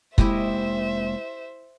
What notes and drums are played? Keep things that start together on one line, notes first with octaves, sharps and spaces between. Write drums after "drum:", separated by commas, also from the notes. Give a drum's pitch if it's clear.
F1 G#3 A#3 E4 G4 C5 D#5 E5, drum: kick